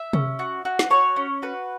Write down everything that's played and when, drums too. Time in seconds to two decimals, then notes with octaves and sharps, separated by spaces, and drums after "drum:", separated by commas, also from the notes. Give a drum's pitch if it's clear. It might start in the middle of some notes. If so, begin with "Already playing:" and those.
Already playing: E5 E6
0.13 C#4, drum: tom C3
0.39 F#4
0.65 F#4
0.79 drum: snare
0.90 F#4 C#5 C#6
1.16 C#4
1.42 F#4 B4